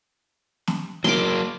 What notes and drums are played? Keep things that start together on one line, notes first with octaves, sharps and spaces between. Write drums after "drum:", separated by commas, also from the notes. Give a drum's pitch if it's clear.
drum: snare
F#3 A#3 C6 D6, drum: snare